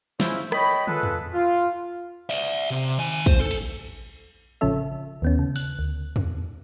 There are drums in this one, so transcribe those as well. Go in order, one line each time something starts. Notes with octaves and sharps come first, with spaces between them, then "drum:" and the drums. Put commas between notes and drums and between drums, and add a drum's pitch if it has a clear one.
G#3 C#4 E4 F4 C5, drum: snare
C#5 D#5 G5 B5, drum: rim click
F4 G#4 A4 B4, drum: tom
drum: tom E2
F4
D5 E5
C3
D#3 G#5
C5, drum: kick
A4
drum: cymbal
A1 C#3 F3 C#4 A4 E5
D#2 B3 C#4
C#3
F#6, drum: open hi-hat
D2
drum: tom E2